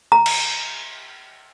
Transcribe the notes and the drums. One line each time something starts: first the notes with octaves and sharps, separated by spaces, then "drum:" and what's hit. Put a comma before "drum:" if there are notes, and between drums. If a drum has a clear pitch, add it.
A#5
drum: cymbal